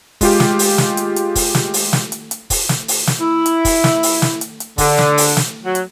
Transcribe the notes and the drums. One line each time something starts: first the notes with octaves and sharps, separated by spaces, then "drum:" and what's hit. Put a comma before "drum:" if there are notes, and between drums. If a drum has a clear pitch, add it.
G#3 F4 G4, drum: kick, open hi-hat
drum: snare
drum: open hi-hat
drum: snare
drum: hi-hat
drum: hi-hat
drum: kick, open hi-hat
drum: snare
drum: open hi-hat
drum: snare
drum: hi-hat
drum: hi-hat
drum: kick, open hi-hat
drum: snare
drum: open hi-hat
drum: snare
E4
drum: hi-hat
drum: kick, open hi-hat
drum: snare
drum: open hi-hat
drum: snare
drum: hi-hat
drum: hi-hat
D3, drum: kick, open hi-hat
drum: snare
drum: open hi-hat
drum: snare
F#3
drum: hi-hat